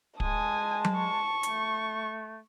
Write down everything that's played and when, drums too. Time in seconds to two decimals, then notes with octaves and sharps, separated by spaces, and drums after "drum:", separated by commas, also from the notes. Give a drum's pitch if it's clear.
0.20 G#3 G#5 A5 D#6, drum: kick
0.84 drum: tom F#3
0.96 C#6
1.43 A3, drum: hi-hat